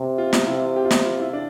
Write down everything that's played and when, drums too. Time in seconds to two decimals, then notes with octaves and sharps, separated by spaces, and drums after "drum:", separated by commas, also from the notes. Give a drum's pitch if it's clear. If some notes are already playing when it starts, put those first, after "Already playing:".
Already playing: C3
0.18 F4
0.33 F4, drum: snare
0.47 C3 E4
0.76 G4
0.84 F4
0.91 G4, drum: snare
1.05 F4
1.19 E4
1.33 D4